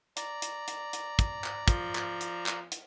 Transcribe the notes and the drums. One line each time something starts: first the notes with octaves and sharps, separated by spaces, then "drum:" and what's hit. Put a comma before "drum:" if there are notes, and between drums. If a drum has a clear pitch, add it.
D5 A#5, drum: hi-hat
drum: hi-hat
drum: hi-hat
drum: hi-hat
drum: kick, hi-hat
drum: clap
F3, drum: kick, hi-hat
drum: clap
drum: hi-hat
drum: clap
drum: hi-hat